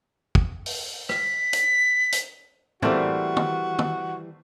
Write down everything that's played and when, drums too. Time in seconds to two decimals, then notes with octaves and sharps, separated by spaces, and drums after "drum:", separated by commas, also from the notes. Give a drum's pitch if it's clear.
0.35 drum: kick
0.66 drum: open hi-hat
1.09 B6, drum: rim click
1.53 drum: hi-hat
2.12 drum: hi-hat
2.82 E3 G3 A3 A#3 C4 F#4, drum: tom A2
3.37 drum: tom
3.79 drum: tom